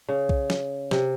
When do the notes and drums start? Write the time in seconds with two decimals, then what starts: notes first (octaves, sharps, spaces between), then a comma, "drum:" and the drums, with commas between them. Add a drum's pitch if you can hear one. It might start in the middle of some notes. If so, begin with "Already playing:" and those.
0.08 C#3
0.29 drum: kick B1
0.50 drum: snare
0.91 C3, drum: snare